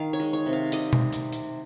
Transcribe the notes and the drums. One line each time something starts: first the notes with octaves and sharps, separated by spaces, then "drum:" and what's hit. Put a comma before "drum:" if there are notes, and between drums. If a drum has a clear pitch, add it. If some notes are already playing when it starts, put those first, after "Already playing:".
Already playing: D#3 F5
C#5
G#3
C#5
C3
F5
G3 D#5, drum: hi-hat
drum: tom B2
drum: hi-hat
drum: hi-hat